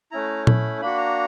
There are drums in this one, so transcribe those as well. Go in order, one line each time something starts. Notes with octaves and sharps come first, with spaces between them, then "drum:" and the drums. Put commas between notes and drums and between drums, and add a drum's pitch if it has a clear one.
A3 C#4 E4 A#5
B5, drum: tom A#2
A#3 D4 F#4 B5
A#5